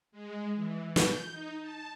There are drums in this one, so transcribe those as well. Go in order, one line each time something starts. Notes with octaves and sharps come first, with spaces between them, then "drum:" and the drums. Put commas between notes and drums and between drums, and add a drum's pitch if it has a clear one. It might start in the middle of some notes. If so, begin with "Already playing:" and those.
G#3
E3
G6, drum: snare
D#4
A5